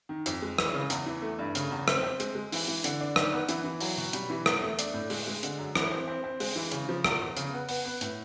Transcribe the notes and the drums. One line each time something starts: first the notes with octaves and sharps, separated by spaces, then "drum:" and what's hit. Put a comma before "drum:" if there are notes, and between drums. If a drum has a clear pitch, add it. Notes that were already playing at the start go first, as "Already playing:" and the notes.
D#3
F2, drum: hi-hat
G#3
E3, drum: rim click
C#3
E2, drum: hi-hat
E3
A3
G2
C#3, drum: hi-hat
E2
C4, drum: rim click
C4
G#3, drum: hi-hat
G#3
E3, drum: open hi-hat
E3
D3, drum: hi-hat
D4
D#3, drum: rim click
B3
E3, drum: hi-hat
E3
F#3, drum: open hi-hat
B2
G3, drum: hi-hat
E3
E2, drum: rim click
A3
D4, drum: hi-hat
A2
G#3, drum: open hi-hat
G#3
D3, drum: hi-hat
F#2
E3, drum: rim click
C4
C4
C4
G#3, drum: open hi-hat
E3
C#3, drum: hi-hat
F3
E2, drum: rim click
E2
C#3, drum: hi-hat
B3
B3, drum: open hi-hat
B3
A2, drum: hi-hat